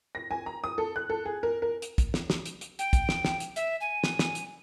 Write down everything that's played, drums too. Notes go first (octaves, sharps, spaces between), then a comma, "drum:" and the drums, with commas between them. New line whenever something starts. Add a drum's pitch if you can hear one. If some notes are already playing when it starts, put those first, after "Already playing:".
A#6
G#5
A#5
D#6
A4
F#6
A4
G#4
A#4
A#4
drum: hi-hat
drum: kick, hi-hat
drum: snare
drum: snare
drum: hi-hat
drum: hi-hat
G5, drum: hi-hat
drum: kick, hi-hat
drum: snare
drum: snare
drum: hi-hat
E5, drum: hi-hat
G#5
drum: snare
drum: snare
drum: hi-hat